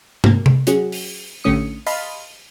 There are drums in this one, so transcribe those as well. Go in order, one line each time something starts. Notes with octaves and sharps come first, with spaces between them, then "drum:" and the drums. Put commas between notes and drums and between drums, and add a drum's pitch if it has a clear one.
C3 A#3, drum: tom
drum: tom C3
F#3 C#4 F#4 G#4, drum: hi-hat
drum: open hi-hat
A1 D3 A3 C#4 D#6 C#7
D#5 F5 A5 B5 C6 F6, drum: open hi-hat